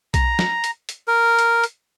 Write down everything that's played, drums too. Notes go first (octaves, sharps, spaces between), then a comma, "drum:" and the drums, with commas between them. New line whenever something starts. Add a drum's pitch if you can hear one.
A#5, drum: kick B1, hi-hat
drum: snare
drum: hi-hat
drum: hi-hat
A#4
drum: hi-hat
drum: hi-hat